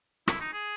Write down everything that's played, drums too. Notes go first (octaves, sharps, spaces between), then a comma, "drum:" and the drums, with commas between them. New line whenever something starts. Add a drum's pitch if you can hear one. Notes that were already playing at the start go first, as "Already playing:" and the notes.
E4, drum: rim click
D#4
G#4